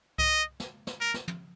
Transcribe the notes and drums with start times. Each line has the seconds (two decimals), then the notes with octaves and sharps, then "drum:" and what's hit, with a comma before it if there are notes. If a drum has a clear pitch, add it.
0.19 D#5, drum: kick C2
0.60 drum: snare
0.87 drum: snare
1.01 A#4
1.14 drum: snare
1.28 drum: tom